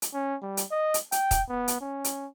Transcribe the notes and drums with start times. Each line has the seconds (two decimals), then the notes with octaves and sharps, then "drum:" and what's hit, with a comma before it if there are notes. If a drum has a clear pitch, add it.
0.02 drum: hi-hat
0.14 C#4
0.42 G3
0.57 drum: hi-hat
0.71 D#5
0.94 drum: hi-hat
1.12 G5, drum: hi-hat
1.31 drum: kick, hi-hat
1.49 B3
1.68 drum: hi-hat
1.81 C#4
2.04 drum: hi-hat